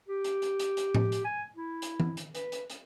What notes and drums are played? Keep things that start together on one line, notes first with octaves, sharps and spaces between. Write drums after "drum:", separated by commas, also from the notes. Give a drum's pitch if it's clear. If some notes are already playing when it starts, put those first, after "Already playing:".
G4
drum: hi-hat
drum: hi-hat
drum: hi-hat
drum: hi-hat
drum: tom A2
drum: hi-hat
G#5
E4
drum: hi-hat
drum: tom E3
drum: hi-hat
B4, drum: hi-hat
drum: hi-hat
drum: hi-hat